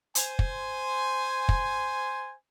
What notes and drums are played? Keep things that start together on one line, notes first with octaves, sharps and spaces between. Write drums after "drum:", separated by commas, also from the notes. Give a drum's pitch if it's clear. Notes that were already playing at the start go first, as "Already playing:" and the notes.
C5 G#5, drum: hi-hat
drum: kick
drum: kick